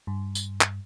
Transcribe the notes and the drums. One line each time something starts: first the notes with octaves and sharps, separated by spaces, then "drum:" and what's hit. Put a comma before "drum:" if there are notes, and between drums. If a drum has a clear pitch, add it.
G2
drum: tambourine
drum: clap